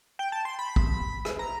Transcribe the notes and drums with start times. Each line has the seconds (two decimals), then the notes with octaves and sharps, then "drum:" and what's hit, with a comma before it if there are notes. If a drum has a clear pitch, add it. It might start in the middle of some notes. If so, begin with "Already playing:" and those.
0.19 G5
0.32 A5
0.45 C6
0.59 B5
0.76 drum: kick
1.25 drum: rim click
1.39 A#5